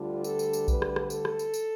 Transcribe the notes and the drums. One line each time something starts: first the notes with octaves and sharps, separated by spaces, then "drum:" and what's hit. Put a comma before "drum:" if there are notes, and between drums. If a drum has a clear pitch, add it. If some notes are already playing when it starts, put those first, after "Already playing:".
Already playing: D2 D3 G3 D4 F4
A4, drum: tambourine
drum: tambourine
drum: tambourine
B4, drum: kick A#1, tambourine
drum: rim click
drum: rim click
A4, drum: tambourine
drum: rim click
drum: tambourine
drum: tambourine